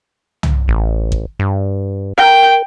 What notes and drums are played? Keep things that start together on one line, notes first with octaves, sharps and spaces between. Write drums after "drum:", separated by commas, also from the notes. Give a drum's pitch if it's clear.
drum: tom
A1
drum: kick G#1
G2
A#4 G5